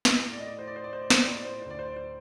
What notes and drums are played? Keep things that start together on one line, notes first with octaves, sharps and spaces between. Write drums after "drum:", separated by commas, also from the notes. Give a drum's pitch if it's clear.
A2 D#5, drum: snare
D5
D#5
A2 D5
C5
D5
C5
A2 D5
C5
D5
C5, drum: snare
D5
A2 C5
D5
C5
D5
C5
D2 D5
C5
D5
C5